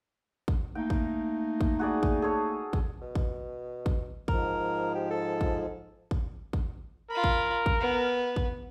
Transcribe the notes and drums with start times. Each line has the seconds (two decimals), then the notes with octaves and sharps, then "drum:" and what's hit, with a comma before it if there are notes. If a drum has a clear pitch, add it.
0.48 drum: kick
0.75 A3 A#3 D#4 G5
0.90 drum: kick
1.61 drum: kick
1.79 F#4 G#4 D5
2.03 drum: kick
2.22 G#4 A4 C#5
2.73 drum: kick
3.02 B2
3.15 drum: kick
3.86 drum: kick
4.28 G#2 F3 A#4, drum: kick
4.95 G4
5.11 A4
5.41 drum: kick
6.11 drum: kick
6.53 drum: kick
7.11 F4 A#4 B5
7.24 drum: kick
7.66 drum: kick
7.80 B3
8.36 drum: kick